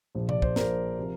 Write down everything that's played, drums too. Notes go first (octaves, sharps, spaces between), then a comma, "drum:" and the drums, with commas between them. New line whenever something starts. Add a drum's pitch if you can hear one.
A#1 A#2 F3
D5, drum: tom C3
C5, drum: kick
A#1 A#2 F3 A#4, drum: snare
C3 F3